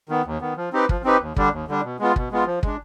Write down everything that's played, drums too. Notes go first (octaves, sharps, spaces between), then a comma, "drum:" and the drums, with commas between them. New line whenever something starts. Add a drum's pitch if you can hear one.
D#3 B3
D#2
D#3 B3
F3
C4 D#4 G4 B4
F3, drum: kick
C4 D#4 G4 B4
D#2
D3 G3 D4, drum: kick
D#2
D3 G3 D4
B2
G#3 B3 F4
B2, drum: kick
G#3 B3 F4
F3
G#3 D4, drum: kick